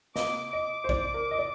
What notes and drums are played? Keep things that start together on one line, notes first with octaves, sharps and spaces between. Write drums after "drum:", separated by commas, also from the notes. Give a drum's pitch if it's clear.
D#5 D6, drum: snare
D#5 D6
C5
D5, drum: kick A#1
A#4
D#5
D5